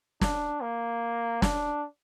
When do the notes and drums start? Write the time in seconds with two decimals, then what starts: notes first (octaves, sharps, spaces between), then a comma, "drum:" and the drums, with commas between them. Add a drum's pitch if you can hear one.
0.21 D4, drum: snare
0.61 A#3
1.42 D4, drum: snare